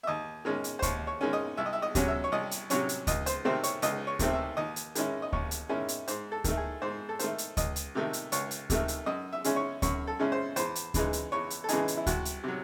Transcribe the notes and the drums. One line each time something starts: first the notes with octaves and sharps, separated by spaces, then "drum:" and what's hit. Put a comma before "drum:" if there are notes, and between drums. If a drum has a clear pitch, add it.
E5
D#2 D#5
D#3 G#3 C#4
drum: hi-hat
C5
D#2 C#5, drum: kick D2, hi-hat
C#5
D#3 G#3 C#4
D#5
C2 E5
D#5
E5
D#5
C3 F#3 C#4, drum: kick D2, hi-hat
E5
C#5
C2 D#5
drum: hi-hat
C3 F#3 C#4 C#5, drum: hi-hat
drum: hi-hat
C#2 D#5, drum: kick D2, hi-hat
C5, drum: hi-hat
C3 D#3 A3 C4 C5
C#5, drum: hi-hat
C#2 D#5, drum: hi-hat
C#5
C3 D#3 A3 C4, drum: kick D2, hi-hat
E5
D#2 D#5
drum: hi-hat
D#3 G#3 C#4 E4, drum: hi-hat
D#5
D#2 C#5, drum: kick D2
drum: hi-hat
D#3 G#3 C#4 E4
drum: hi-hat
G#2 C5, drum: hi-hat
A4
D#3 A3, drum: kick D2, hi-hat
G#4
G#2 C5
A4
D#3 A3 C5, drum: hi-hat
drum: hi-hat
C#2 D#5, drum: kick D2, hi-hat
drum: hi-hat
C3 D#3 A3
drum: hi-hat
C#2 C#5, drum: hi-hat
drum: hi-hat
C3 D#3 A3, drum: kick D2, hi-hat
drum: hi-hat
F#2 D#5
E5
C#3 G#3 C#4 E4, drum: hi-hat
C#5
F#2 C#5, drum: kick D2, hi-hat
A4
C#3 G#3 C#4 E4
C5
E2 C5, drum: hi-hat
drum: hi-hat
C#3 E3 G#3 D#4, drum: kick D2, hi-hat
drum: hi-hat
E2 C#5
drum: hi-hat
A4
C#3 E3 G#3 D#4 G#4, drum: hi-hat
drum: hi-hat
E4
C2 F#4, drum: kick D2, hi-hat
drum: hi-hat
C3 F#3